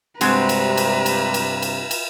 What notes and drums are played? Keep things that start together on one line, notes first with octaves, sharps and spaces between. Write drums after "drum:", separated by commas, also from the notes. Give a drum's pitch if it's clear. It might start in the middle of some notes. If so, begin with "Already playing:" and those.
G2 C3 G#3 C4 F#4 B4 A#5, drum: cymbal
drum: cymbal
drum: cymbal
drum: cymbal
drum: cymbal
drum: cymbal
drum: cymbal